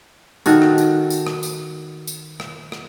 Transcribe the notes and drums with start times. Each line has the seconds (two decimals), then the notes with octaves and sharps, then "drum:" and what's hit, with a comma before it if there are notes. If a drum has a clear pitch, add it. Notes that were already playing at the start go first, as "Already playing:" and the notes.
0.46 D#3 F#4 A4, drum: tambourine
0.62 drum: rim click
0.78 drum: tambourine
1.10 drum: tambourine
1.27 drum: rim click
1.43 drum: tambourine
2.07 drum: tambourine
2.40 drum: rim click
2.72 drum: rim click